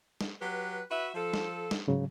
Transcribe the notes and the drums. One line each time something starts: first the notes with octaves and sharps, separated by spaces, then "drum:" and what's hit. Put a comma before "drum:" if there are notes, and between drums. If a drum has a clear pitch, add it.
drum: snare
F#3 G4 B4
F#4 B4 E5
F3 A4
drum: snare
drum: snare
G#2 C#3 F#3